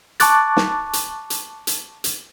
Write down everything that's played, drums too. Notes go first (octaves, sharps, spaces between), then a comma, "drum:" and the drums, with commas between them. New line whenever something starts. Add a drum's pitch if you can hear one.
A5 C#6 D6 F#6 A6, drum: hi-hat
drum: snare
drum: hi-hat
drum: hi-hat
drum: hi-hat
drum: hi-hat